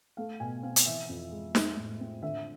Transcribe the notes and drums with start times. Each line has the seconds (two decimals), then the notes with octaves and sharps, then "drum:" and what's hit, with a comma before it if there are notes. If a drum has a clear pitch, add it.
0.17 A3 F5
0.40 B2 G#5
0.63 C4 F5
0.76 drum: hi-hat
0.86 E3 E5
1.09 F2
1.31 G#3
1.55 G#3, drum: snare
1.77 A2
2.00 C4
2.22 D3 E5